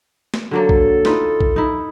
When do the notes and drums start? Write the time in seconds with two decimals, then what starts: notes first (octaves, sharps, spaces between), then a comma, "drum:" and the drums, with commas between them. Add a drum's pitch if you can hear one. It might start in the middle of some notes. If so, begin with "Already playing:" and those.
0.34 drum: snare
0.51 D3 F#3 A#3 A4
0.69 drum: kick B1
1.05 D#4 F4 B4, drum: snare
1.41 drum: kick B1
1.56 D#4 E4